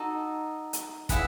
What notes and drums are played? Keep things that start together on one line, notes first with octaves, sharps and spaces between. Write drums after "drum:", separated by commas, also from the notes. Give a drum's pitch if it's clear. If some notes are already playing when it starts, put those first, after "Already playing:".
Already playing: D#4 F#4 A4 D#5
drum: hi-hat
E4 G#4 B4 F#5, drum: kick, hi-hat